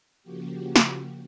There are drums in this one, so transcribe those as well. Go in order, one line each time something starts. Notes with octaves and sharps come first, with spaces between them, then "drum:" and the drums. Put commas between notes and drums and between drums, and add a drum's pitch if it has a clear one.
C#3 F3 A#3 F#4 G4
drum: snare